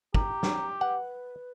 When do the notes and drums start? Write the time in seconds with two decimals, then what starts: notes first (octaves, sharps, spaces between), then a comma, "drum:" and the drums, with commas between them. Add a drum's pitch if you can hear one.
0.14 G4 A#5, drum: kick
0.43 drum: snare
0.81 B4 F#5